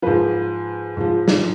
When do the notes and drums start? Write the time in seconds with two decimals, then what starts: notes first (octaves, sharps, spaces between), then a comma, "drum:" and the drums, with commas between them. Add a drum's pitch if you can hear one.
0.02 G#2 F3 B4
0.97 G#2 F3
1.28 drum: snare